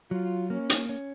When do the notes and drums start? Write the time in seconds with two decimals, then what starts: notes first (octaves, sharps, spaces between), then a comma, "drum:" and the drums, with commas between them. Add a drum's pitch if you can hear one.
0.11 F#3 F4
0.50 A#3 C#4
0.70 drum: hi-hat
0.89 C#4